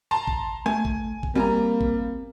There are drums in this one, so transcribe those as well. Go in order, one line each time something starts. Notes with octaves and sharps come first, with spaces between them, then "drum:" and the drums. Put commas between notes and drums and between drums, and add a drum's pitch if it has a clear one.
A5 A#5 C6
drum: kick A1
A3 G#5, drum: rim click
drum: kick A1
drum: kick A1
G3 A#3 C4 G#5 A#5
drum: kick A1